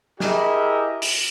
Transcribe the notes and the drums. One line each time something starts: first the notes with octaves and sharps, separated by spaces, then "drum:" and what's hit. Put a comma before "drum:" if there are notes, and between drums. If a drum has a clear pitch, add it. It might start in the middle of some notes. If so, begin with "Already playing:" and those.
E4 G4 G#4 A#4 D#5, drum: snare
drum: open hi-hat